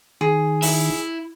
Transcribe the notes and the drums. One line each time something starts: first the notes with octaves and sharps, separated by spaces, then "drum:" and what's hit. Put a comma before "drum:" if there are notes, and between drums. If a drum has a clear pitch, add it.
D#3 G#4
E4, drum: open hi-hat